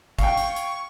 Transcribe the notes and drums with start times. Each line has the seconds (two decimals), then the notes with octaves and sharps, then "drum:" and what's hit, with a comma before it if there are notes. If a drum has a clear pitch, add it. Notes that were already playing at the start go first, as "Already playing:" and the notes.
0.19 F5 G5 C#6, drum: kick, hi-hat
0.37 drum: hi-hat
0.56 drum: hi-hat